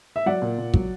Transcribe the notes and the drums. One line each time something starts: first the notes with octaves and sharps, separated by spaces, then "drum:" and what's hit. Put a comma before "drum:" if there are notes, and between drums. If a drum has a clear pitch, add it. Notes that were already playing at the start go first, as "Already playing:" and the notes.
E5
F#3 D5 F#5
A#2
A#2
F#3, drum: kick